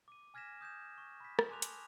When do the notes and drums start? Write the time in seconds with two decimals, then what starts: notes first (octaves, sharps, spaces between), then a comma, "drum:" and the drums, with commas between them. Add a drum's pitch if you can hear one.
0.08 D6 D#7
0.34 G#5 F6 G#6 A#6 B6 E7
0.61 D#6 G6 G#6 E7
0.98 C#6
1.20 B5 B6
1.39 drum: rim click
1.49 G#5 A5 C6 D6 F#6 F7
1.62 drum: hi-hat